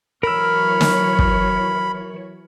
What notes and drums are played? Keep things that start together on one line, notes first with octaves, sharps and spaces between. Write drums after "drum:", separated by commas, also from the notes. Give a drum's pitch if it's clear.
E3 F#3 A#4 C#5 B5 E6 F6
drum: snare
drum: kick